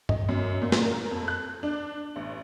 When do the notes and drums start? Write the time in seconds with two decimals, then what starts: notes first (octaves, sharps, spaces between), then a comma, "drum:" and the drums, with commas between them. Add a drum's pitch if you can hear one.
0.09 D#5, drum: tom G2
0.29 F#2
0.62 A#2
0.72 drum: snare
0.82 A#4
1.11 F2
1.28 F#6
1.63 D4
2.16 A1